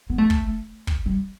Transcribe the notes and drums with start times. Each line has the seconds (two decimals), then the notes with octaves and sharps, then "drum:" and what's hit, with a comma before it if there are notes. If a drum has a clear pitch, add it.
0.10 B3
0.18 A3
0.30 drum: kick
0.87 drum: kick
1.06 G3